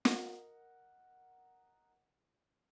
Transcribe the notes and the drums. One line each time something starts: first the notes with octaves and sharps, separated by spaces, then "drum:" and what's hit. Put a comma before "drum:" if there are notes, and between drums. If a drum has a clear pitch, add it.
A#4 D#5 F#5, drum: snare